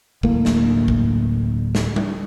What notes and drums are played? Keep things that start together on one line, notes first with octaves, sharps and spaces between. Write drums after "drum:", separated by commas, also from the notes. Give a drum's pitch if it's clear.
D1 A2 A#3, drum: kick
drum: snare
drum: kick
drum: snare
drum: tom G3